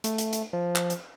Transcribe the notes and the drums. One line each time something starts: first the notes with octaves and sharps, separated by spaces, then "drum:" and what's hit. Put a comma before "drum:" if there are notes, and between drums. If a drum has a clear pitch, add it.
A3, drum: hi-hat
drum: hi-hat
drum: hi-hat
F3
drum: clap
drum: hi-hat